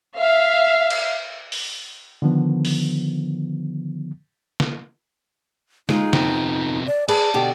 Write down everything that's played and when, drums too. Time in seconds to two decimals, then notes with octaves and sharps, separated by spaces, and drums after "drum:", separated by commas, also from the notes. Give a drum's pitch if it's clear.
0.16 E5 F5
0.90 drum: cymbal
1.52 drum: open hi-hat
2.22 D3 D#3 F3 B3
2.65 drum: open hi-hat
4.60 drum: snare
5.89 G#3 D#4 F4 G#4, drum: snare
6.13 F2 C3 B3, drum: snare
6.86 D5
7.09 G#4 B4 D5 A5, drum: cymbal
7.34 B2 D3 G4